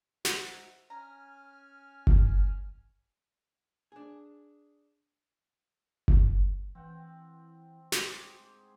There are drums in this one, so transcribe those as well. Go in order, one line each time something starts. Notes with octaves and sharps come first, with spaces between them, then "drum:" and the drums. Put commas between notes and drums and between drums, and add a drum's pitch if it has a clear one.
D#4 F#4 C5 E5 F#5, drum: snare
C#4 G#5 A#5 F6
drum: kick G1
D4 G#4
drum: kick G1
E3 C4 F#5 G5
G#2 G#4 C5 D6, drum: snare